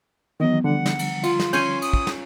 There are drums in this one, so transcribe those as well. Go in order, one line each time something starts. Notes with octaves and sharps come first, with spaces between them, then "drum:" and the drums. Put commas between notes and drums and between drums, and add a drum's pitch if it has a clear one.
D#3 E3 F#3 B3 D#5
D3 F3 G3 F#5
drum: snare
drum: cymbal
F4, drum: cymbal
drum: snare
C#4 C#5 G#5 C6 G6, drum: cymbal
D#6, drum: cymbal
drum: kick
drum: snare